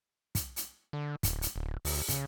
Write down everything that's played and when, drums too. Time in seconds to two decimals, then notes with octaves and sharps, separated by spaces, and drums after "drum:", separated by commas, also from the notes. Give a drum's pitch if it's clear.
0.35 drum: kick, hi-hat
0.56 drum: hi-hat
0.93 D3
1.23 D1, drum: kick, hi-hat
1.42 drum: hi-hat
1.56 D1
1.85 D2, drum: open hi-hat
2.08 C#3, drum: kick, hi-hat